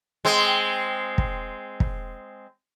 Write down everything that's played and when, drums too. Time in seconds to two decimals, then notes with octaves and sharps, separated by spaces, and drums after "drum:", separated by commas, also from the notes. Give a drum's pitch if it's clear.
0.25 G#3 C4
1.18 drum: kick
1.80 drum: kick